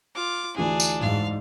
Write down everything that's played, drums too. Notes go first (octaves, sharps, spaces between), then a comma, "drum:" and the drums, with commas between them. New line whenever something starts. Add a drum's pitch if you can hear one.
F4 D6
D2 E3 D4 F4 G#4
drum: tambourine
G#2 F5